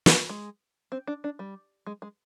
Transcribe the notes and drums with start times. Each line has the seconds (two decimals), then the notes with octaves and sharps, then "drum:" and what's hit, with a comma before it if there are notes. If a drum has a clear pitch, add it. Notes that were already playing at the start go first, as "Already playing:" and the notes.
0.06 drum: snare
0.29 G#3
0.92 C4
1.07 D4
1.24 D4
1.39 G3
1.87 G#3
2.02 G#3